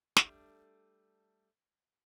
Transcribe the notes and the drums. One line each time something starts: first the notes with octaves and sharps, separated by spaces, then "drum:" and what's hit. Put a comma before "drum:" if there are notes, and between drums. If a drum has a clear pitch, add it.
G3 A3 D4, drum: snare